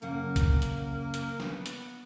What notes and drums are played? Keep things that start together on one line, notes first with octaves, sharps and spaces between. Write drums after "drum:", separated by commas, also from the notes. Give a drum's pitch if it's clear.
F#2 C#3 A#3 F#5
drum: kick, hi-hat
drum: hi-hat
drum: hi-hat
B3 B4, drum: snare
drum: hi-hat